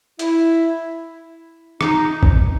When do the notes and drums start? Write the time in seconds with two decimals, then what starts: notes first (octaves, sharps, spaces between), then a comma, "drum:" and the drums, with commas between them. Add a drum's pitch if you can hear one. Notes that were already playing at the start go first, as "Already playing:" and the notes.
0.19 E4, drum: hi-hat
1.81 D#4, drum: rim click
2.23 drum: kick A1